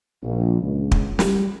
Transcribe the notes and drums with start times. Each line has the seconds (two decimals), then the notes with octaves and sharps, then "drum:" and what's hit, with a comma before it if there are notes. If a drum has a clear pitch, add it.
0.23 A#1
0.62 C#2
0.92 drum: kick
1.19 G3, drum: snare